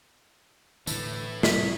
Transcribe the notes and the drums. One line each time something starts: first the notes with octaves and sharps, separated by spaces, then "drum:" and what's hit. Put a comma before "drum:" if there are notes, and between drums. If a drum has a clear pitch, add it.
A2 D3 E3 A3 E4, drum: tambourine
A2 C3 B6, drum: snare